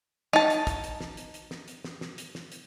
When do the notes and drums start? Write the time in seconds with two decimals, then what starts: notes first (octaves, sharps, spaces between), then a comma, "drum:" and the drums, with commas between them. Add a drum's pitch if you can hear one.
0.33 D#4 A5, drum: snare
0.50 drum: hi-hat
0.67 drum: kick, hi-hat
0.84 drum: hi-hat
1.01 drum: snare
1.17 drum: hi-hat
1.34 drum: hi-hat
1.51 drum: snare
1.68 drum: hi-hat
1.84 drum: snare
2.01 drum: snare
2.18 drum: hi-hat
2.35 drum: snare
2.52 drum: hi-hat